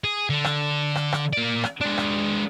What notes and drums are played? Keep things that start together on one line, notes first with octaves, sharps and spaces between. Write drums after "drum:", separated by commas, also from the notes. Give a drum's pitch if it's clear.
G#4
D3
drum: rim click
drum: rim click
drum: rim click
A#3 D5
drum: rim click
G#3 D4
drum: rim click